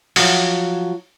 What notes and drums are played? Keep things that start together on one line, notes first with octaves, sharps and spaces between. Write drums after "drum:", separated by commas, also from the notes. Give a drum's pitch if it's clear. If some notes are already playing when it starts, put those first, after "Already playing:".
F3 F#3, drum: open hi-hat